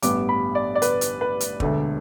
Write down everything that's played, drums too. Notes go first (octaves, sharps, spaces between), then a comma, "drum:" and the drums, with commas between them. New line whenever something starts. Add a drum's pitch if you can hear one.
A1 G2 G3 B3 D6, drum: hi-hat
B5
D5
D5
B4, drum: hi-hat
drum: hi-hat
B4
drum: hi-hat
E1 D2 D3 A3, drum: kick